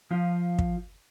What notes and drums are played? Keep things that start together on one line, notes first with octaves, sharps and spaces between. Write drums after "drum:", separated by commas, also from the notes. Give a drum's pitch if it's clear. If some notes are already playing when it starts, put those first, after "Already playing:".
F3 F4
drum: kick